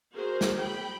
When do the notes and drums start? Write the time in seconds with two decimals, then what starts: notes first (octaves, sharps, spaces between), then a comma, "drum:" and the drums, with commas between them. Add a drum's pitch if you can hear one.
0.16 F#4 G#4 A#4 C5
0.41 drum: snare
0.59 G5 B5